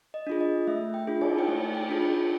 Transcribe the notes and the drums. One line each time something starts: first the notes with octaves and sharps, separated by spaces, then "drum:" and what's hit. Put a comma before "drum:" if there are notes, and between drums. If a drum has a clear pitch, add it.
D#5
D4 F4 G#4
D#5
A3 E5
G5
D4 F4 G#4
G#5, drum: cymbal
G5
A3 G#5
G5
D4 F4 G#4
G5